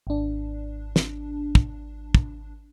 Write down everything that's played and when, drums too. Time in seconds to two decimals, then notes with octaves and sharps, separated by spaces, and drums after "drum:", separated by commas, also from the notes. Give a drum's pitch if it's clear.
0.07 G#1 D4
0.96 drum: snare
1.55 drum: kick
2.15 drum: kick